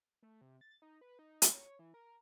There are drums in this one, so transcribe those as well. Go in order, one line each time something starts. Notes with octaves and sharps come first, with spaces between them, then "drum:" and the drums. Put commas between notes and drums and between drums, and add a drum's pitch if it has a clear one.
A3
C3
A6
D#4
B4
D#4
C6, drum: hi-hat
C#5
E3
A#4